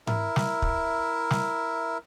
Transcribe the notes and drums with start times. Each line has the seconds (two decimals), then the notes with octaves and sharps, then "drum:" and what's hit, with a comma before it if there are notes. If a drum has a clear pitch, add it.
0.07 E4 A#4 E5, drum: tom G#2
0.36 drum: snare
0.62 drum: kick
1.30 drum: snare